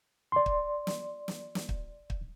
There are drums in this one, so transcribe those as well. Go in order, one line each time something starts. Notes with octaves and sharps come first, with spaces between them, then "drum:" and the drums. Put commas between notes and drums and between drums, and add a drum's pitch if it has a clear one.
D5 C6
drum: kick
drum: snare
drum: snare
drum: snare
drum: kick
drum: kick